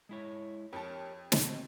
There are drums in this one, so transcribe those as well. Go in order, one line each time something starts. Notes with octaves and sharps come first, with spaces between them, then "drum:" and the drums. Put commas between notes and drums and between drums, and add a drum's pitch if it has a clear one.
G#3 E4 C#5
F2 G4 A#4 C#5 A5
C4 F#4 D#5, drum: snare